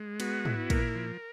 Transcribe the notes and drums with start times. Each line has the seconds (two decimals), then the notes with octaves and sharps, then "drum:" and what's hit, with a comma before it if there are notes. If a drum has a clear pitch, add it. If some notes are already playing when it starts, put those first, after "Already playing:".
Already playing: G#3
0.20 B3 F#4, drum: cymbal
0.45 E4, drum: tom G#2
0.70 A#2 A#4, drum: kick, cymbal
0.95 F3